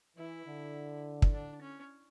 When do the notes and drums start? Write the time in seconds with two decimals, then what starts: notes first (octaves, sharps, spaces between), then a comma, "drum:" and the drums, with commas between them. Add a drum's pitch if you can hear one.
0.17 E3 E4
0.46 D3
1.22 drum: kick
1.33 D4
1.61 C#4